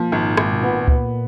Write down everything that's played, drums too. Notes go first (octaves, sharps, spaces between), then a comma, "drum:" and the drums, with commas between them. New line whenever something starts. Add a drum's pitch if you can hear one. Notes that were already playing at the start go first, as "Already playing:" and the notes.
Already playing: A#2 F3
G#1 G#2
G#1, drum: rim click
B2
A#2 B3
B3, drum: kick C#2